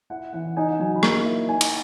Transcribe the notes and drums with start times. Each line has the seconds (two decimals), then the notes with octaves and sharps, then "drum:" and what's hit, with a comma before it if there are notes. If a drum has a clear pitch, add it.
0.10 E4 F#5
0.33 E3 F#5
0.56 D#4 G#5
0.69 F#5
0.80 F#3 G#5
0.96 B5
1.03 A#3 A#5, drum: rim click
1.25 E4
1.49 D#4 G#5
1.61 drum: cymbal